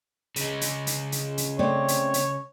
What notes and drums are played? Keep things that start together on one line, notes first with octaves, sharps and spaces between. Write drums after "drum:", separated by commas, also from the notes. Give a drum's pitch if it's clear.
C#3 G#3, drum: hi-hat
drum: hi-hat
drum: hi-hat
drum: hi-hat
drum: hi-hat
A3 C4 C#5 D5
drum: hi-hat
drum: hi-hat